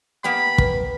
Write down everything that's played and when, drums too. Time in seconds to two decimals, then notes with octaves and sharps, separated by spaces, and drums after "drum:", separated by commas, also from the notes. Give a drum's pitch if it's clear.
0.24 A#3 B3 G4 B5
0.58 B4, drum: kick